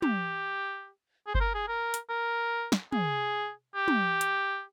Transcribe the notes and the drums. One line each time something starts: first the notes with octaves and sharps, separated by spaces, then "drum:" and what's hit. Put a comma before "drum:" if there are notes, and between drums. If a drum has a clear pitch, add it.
G4, drum: tom
G#4
C5, drum: kick G1
A#4
G#4
A#4
drum: hi-hat
A#4
drum: snare
G#4, drum: tom
G4
drum: tom
drum: hi-hat